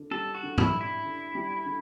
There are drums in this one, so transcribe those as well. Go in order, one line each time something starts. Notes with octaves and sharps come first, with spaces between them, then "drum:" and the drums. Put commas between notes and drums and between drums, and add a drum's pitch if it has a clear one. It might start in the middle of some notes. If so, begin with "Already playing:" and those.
Already playing: D3 D4
G3 A4
F#4
D3
E4, drum: tom
D4
E4
D3
G3
D3